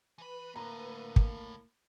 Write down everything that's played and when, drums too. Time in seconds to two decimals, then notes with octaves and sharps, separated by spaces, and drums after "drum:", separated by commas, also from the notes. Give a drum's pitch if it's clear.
0.18 E3 B4 B5 D#7
0.56 D2 A2 A#3 A#5
1.16 drum: kick